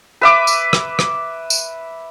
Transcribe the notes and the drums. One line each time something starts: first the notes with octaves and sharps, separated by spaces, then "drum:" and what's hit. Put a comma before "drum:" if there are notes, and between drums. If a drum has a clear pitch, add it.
B4 E5 D6
drum: tambourine
drum: rim click
drum: rim click
drum: tambourine